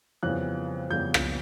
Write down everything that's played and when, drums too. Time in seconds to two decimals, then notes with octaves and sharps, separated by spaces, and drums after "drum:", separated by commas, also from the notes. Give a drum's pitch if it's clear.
0.23 F2 C#3 E3 G3 B3 F#6
0.90 F2 C#3 E3 G3 B3 G6
1.14 drum: rim click